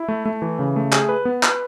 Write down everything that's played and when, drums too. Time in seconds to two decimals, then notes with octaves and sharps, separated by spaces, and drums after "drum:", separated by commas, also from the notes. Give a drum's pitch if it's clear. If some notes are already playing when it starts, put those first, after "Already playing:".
Already playing: E4
0.08 A3
0.25 A3
0.42 E3
0.59 C#3
0.76 A3
0.93 G#4, drum: clap
1.09 B4
1.25 B3
1.43 B4, drum: clap